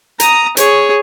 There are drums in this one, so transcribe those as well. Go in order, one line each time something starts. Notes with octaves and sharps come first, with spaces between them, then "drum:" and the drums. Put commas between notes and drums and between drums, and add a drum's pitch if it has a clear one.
A#5 D#6, drum: hi-hat
G#4 C#5, drum: hi-hat